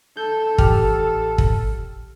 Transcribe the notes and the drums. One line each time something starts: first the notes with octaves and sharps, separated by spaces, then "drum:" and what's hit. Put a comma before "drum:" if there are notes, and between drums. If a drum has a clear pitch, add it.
A4 G6
A1 G4 F6, drum: kick
drum: kick